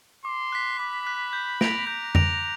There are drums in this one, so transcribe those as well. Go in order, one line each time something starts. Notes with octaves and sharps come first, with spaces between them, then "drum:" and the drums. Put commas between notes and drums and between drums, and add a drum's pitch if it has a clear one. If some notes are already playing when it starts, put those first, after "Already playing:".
C6 D6
F#6 B6
B5 D6
F#6 B6
G6
A#6 D7 F7, drum: snare
A#5 G6
A#6 D7 F7, drum: tom F2